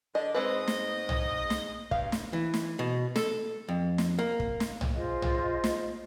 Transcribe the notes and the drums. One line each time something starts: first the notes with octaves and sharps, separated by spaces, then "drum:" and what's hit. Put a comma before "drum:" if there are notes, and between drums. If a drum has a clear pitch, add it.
D3 D4 D#5
G#2 G#3 C4 B4 D#5
drum: snare
drum: tom B1
drum: snare
G2 F5, drum: kick
drum: snare
E3
drum: snare
B2
A4, drum: snare
F2
drum: snare
A#3
drum: kick
drum: snare
drum: tom B1
F4 G#4 C5 D#5
drum: tom B1
drum: snare